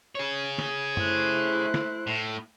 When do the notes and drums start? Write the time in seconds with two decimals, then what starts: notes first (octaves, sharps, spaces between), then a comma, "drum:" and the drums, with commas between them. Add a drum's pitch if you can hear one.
0.15 G#4 C#5
0.58 drum: snare
0.97 A3 E4 C5 F#6, drum: tom F#2
1.74 drum: snare
2.07 A2